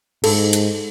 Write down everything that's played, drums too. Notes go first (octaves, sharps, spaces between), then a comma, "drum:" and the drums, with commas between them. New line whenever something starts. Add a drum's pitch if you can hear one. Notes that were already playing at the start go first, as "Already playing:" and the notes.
G#2 A4, drum: cymbal
drum: hi-hat